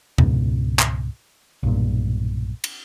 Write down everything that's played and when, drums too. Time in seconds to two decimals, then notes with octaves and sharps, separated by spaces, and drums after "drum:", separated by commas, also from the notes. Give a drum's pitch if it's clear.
0.18 C#2 G#2 B2, drum: tom E2
0.79 drum: clap
1.63 B1 G2 A#2
2.64 drum: cymbal